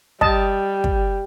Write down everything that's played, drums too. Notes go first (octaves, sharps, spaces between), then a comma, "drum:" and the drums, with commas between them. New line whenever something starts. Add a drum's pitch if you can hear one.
G3 D#5 A5, drum: kick
drum: kick